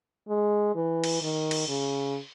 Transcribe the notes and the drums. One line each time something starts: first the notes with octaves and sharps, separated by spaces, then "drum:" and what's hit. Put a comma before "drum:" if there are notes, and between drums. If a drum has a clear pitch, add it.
G#3
E3
drum: cymbal
D#3
drum: cymbal
C#3